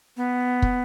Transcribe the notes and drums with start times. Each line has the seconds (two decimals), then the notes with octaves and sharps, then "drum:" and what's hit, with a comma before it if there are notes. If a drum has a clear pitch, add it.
0.17 B3
0.62 drum: kick